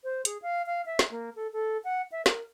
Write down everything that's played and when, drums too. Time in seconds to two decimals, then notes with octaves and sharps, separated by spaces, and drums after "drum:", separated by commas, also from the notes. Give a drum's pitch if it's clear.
0.04 C5
0.25 G#4, drum: hi-hat
0.42 F5
0.66 F5
0.86 E5
0.99 drum: snare
1.11 A#3
1.36 A4
1.53 A4
1.84 F#5
2.12 E5
2.26 A#4, drum: snare